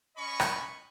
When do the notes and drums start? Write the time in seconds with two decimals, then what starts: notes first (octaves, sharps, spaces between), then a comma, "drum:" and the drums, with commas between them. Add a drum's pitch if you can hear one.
0.17 C#4 D#5 B5 C#6
0.40 drum: rim click